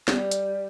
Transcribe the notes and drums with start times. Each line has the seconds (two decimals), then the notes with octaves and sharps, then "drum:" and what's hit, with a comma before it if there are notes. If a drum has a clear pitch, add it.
0.08 G3, drum: snare
0.31 drum: hi-hat